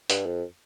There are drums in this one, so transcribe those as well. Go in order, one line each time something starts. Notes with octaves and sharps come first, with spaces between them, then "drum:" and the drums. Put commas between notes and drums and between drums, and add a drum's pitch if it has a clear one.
G2, drum: hi-hat
F2